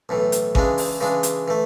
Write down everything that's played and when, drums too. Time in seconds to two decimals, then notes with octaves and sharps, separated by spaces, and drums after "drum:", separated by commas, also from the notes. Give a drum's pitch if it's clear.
0.09 B1 A2 E3
0.32 drum: hi-hat
0.55 C#3 E3 G#3 D4, drum: kick G#1
0.78 drum: open hi-hat
1.01 C#3 E3 G#3 D4
1.23 drum: hi-hat
1.48 E3 A3